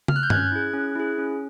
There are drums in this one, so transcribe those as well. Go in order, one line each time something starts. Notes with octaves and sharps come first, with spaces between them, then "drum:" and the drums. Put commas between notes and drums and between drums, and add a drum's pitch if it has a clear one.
F6, drum: tom
F#6
G6
C#4 F#6 G#6, drum: tom G2
E4 G#4
C#4
E4 G#4
C#4